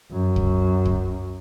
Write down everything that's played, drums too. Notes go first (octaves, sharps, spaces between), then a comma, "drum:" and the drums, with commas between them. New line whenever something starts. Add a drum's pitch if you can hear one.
F#2
drum: kick
drum: kick